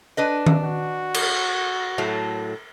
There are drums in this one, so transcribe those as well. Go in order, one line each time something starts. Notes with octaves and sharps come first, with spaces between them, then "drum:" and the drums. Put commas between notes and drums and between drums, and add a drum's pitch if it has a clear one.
D4 B4 D#5
drum: tom D#3
F#4
drum: cymbal
A2 F#3 A3